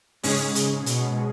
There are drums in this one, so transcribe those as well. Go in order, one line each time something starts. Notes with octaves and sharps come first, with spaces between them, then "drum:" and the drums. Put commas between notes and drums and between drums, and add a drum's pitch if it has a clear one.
G#2 C#3 G#3 C#4 G#4, drum: open hi-hat
C#3, drum: hi-hat
B2, drum: hi-hat